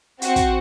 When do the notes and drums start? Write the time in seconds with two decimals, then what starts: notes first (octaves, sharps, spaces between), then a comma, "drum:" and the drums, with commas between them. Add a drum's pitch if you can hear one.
0.22 C4 F#4 C5, drum: hi-hat
0.36 drum: kick, hi-hat